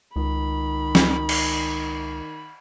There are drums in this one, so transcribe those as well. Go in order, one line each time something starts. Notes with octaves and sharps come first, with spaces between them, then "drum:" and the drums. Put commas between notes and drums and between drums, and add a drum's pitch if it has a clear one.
C#2 D#3 B5
drum: snare
drum: cymbal